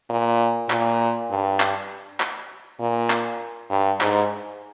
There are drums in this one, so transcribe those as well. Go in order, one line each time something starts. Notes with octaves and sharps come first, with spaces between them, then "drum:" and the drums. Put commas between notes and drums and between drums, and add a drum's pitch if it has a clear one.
A#2
A#2, drum: clap
G2
drum: clap
drum: clap
A#2
drum: clap
G2
G#2, drum: clap